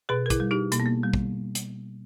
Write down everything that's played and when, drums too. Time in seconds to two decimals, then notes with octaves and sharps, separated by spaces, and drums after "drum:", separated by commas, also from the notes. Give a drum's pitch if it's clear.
0.09 B2 G#4 B4
0.26 A#4
0.30 E4 G#4, drum: kick, hi-hat
0.40 G3
0.51 D#4 G4
0.72 B2 A#3, drum: hi-hat
0.80 B3
0.86 A#3
1.03 G3
1.14 drum: kick
1.55 drum: hi-hat